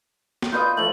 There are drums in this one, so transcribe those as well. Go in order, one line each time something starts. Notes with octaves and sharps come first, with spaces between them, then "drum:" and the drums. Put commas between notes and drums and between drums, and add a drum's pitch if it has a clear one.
drum: snare
F4 B4 D#5 G6
F3 A3 F#7